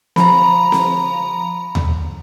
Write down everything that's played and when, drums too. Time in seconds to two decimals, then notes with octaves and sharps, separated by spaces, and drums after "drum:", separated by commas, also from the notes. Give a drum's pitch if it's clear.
0.16 F3 A#5 B5, drum: snare C4
0.72 drum: snare C4
1.75 drum: tom D#2